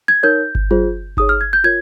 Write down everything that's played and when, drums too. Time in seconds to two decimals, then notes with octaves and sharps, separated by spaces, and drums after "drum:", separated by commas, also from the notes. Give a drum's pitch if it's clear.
0.08 G#6
0.23 D#4 A#4 C#5 G6
0.55 drum: kick G1
0.71 F4 G#4 C5, drum: tom F#3
1.17 D#4 G#4 C#5 D#6, drum: kick G1
1.29 F6
1.41 G#6
1.53 G6
1.64 F4 A#4 C#5 G#6